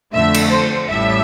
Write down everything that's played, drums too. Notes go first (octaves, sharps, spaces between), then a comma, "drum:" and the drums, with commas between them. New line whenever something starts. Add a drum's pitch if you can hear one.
F2 D3 A3 E5
drum: cymbal
C5
A1 A2 G3 E5